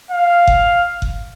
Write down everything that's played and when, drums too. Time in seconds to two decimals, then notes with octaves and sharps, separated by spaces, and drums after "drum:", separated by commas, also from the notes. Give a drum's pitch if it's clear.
0.11 F5
0.47 drum: kick F#1
1.02 drum: kick F#1